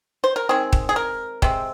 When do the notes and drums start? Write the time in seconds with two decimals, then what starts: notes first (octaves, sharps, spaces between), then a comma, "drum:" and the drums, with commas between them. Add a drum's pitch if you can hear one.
0.24 C5
0.36 A#4
0.49 D#3 G#3 C4 G#4
0.73 drum: kick
0.89 G#4
0.96 A#4
1.42 C3 G#3 C4, drum: kick